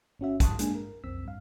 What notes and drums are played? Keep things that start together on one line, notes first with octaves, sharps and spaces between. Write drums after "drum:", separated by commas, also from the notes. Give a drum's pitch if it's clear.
G1 C#4 F#4 E5
A5 C6 C#6 D#6 F#6, drum: kick, hi-hat
G#3 A#3 D4 G#5, drum: hi-hat
A#4
B1 F2 C4 E6 B6
G2 F5